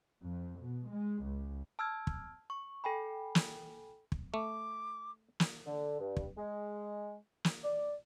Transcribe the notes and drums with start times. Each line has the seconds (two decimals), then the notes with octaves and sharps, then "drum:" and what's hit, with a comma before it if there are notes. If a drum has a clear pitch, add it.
0.21 F2
0.60 B2
0.89 G#3
1.24 C#2
1.79 A5 E6 F6 G#6
2.07 drum: kick
2.50 C#6
2.84 A4 G5 G#5 B5
3.35 drum: snare
4.12 drum: kick
4.34 A3 D6
5.40 drum: snare
5.66 D3
6.00 G2
6.17 drum: kick
6.38 G#3
7.44 drum: snare
7.64 D5